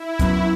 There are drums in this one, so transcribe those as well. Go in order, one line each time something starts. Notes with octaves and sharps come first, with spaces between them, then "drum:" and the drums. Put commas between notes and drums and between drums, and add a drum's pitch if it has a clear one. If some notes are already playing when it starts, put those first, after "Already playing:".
Already playing: E4
F#2 F#3 B3, drum: kick C2, hi-hat